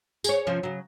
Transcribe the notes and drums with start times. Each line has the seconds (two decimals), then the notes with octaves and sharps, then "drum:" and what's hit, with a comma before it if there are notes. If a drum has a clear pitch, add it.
0.24 G#4 C#5, drum: tambourine
0.47 C3 F3 C#4
0.63 C#3 F#3